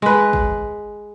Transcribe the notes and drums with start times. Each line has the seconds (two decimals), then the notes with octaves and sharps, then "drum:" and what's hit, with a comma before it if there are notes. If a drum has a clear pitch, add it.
0.02 G#3 B4
0.33 drum: kick